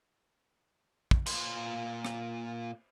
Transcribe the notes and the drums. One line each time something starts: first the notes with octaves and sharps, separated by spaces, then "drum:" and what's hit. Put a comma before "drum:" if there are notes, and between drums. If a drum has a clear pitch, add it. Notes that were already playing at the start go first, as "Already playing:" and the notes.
drum: kick
A#2 C6, drum: cymbal
drum: rim click